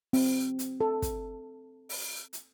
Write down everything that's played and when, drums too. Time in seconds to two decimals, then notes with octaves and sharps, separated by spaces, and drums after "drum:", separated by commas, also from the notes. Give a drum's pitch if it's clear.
0.13 C4, drum: open hi-hat
0.59 drum: hi-hat
0.81 A4
1.02 drum: kick, hi-hat
1.89 drum: open hi-hat
2.33 drum: hi-hat